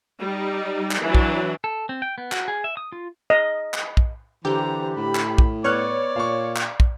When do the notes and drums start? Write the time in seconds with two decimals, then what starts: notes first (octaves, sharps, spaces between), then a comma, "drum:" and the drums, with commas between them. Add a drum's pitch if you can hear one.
0.20 G3 D#4
0.91 drum: clap
1.03 E3 F#3 D4
1.15 drum: kick
1.64 A4
1.89 C4
2.02 G5
2.18 B3
2.32 F#4, drum: clap
2.48 G#4
2.64 E5
2.77 D#6
2.92 F4
3.30 D#5
3.74 drum: clap
3.97 drum: kick
4.45 D3 E3 G4 C5 A#5
4.97 A2 B5
5.15 drum: clap
5.38 drum: kick
5.64 B3 C#5 D5 F6 F#6
6.16 A#2 F5 C#6
6.56 drum: clap
6.80 drum: kick